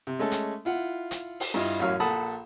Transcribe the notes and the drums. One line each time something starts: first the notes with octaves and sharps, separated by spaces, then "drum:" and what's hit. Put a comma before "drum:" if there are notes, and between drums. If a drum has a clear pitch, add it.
C3
G#3 A3 C#4 A4
drum: hi-hat
E4 F4 F#5
drum: hi-hat
drum: open hi-hat
G2 E4 F4 D#5
A1 F#2 F#3 C#5 F5 F6
A#1 A4 F#5 A5 B5 D#6